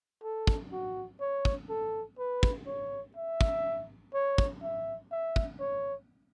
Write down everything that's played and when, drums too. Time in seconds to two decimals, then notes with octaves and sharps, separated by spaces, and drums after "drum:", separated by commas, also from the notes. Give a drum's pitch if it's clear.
0.23 A4
0.47 drum: kick
0.72 F#4
1.21 C#5
1.45 drum: kick
1.69 A4
2.19 B4
2.43 drum: kick
2.67 C#5
3.17 E5
3.41 drum: kick
4.14 C#5
4.38 drum: kick
4.63 E5
5.12 E5
5.36 drum: kick
5.60 C#5